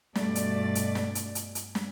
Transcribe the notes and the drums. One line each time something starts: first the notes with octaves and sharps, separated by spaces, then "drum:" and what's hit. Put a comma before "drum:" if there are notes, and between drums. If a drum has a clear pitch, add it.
G2 B2 A3 D5, drum: snare
drum: hi-hat
drum: hi-hat
drum: snare
drum: hi-hat
drum: hi-hat
drum: hi-hat
drum: snare